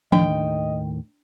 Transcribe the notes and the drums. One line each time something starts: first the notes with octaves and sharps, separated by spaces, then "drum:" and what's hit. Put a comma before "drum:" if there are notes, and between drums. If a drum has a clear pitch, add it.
D#2 A2 D#3 D4 D#5 G5, drum: tom E3